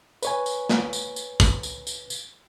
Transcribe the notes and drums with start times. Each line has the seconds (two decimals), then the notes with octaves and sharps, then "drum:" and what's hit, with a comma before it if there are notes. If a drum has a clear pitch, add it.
0.23 B4 C#5 G#5, drum: tambourine
0.46 drum: tambourine
0.69 drum: snare
0.93 drum: tambourine
1.16 drum: tambourine
1.40 drum: kick, tambourine
1.63 drum: tambourine
1.87 drum: tambourine
2.10 drum: tambourine